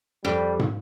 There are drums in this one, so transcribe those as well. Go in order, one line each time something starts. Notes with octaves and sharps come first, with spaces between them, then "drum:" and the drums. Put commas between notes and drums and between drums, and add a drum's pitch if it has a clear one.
F2 G3
drum: tom